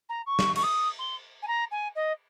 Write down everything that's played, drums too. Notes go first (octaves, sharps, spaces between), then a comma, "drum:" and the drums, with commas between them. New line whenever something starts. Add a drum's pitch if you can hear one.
A#5
C#6
drum: snare
C#6, drum: cymbal
D#6
C6
G#5
A#5
G#5
D#5